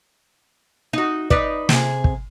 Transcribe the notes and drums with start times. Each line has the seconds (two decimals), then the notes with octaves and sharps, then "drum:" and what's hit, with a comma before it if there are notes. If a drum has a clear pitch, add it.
0.93 D#4 F#4
1.30 D#4 B4 D5, drum: kick
1.69 C3 G#4, drum: snare
2.04 drum: kick